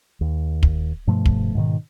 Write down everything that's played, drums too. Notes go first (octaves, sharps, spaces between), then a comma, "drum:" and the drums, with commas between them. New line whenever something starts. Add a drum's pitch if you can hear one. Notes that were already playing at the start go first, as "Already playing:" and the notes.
D#2
drum: kick
G2 B2 F3 A3
drum: kick
G#2 B2 D3 D#3